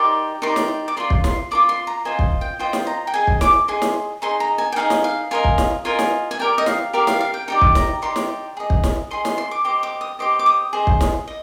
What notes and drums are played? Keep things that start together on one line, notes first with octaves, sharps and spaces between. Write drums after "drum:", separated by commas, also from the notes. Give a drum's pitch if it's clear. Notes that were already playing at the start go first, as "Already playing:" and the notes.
Already playing: D#4 G4 A#4 D5 C6
D#4 G4 A#4 D5 C6
drum: snare
D6
F4 A#4 D5 C6
drum: kick
C6, drum: snare
F4 A#4 D5 D6
C6
A#5
F4 C5 D#5 G#5
drum: kick
G5
F4 C5 D#5 G5
drum: snare
A#5
G5
G#4 D#5 G#5
drum: kick
D6, drum: snare
G#4 D#5 C6
drum: snare
D#4 G#4 D#5 C6
A#5
G#5
G5
D#4 G#4 D#5 F5
drum: snare
F5
F4 A#4 D#5 G#5
drum: kick
drum: snare
F4 A#4 D#5 G#5
drum: snare
G#5
G4 A#4 D5 G5
D#5
F5, drum: snare
G4 A#4 D5 F5
F5, drum: snare
F5
G5
D#4 G4 D5 G5
drum: kick
A#5, drum: snare
D#4 G4 D5 C6
drum: snare
G#4 D#5
drum: kick
drum: snare
G#4 D#5 C6
C6, drum: snare
C6
D6
G4 C5 D#5 D6
D6
D#6
G4 C5 D#5 D6
D6
D#6
G#4 C5 D#5
drum: kick
drum: snare
D#5